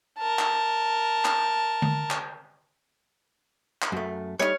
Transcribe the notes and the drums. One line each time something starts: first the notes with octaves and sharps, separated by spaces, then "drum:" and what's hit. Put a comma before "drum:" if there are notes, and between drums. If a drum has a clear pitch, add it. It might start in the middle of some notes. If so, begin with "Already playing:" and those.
A#4 A5
drum: clap
drum: clap
drum: tom D3
drum: clap
drum: clap
F#2 A3
G3 A3 D#4 C#5 F6